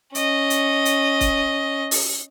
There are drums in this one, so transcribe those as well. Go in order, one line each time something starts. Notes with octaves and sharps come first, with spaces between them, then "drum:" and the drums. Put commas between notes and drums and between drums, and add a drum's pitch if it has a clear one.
C#4 D#5, drum: hi-hat
drum: hi-hat
drum: hi-hat
drum: kick, hi-hat
drum: open hi-hat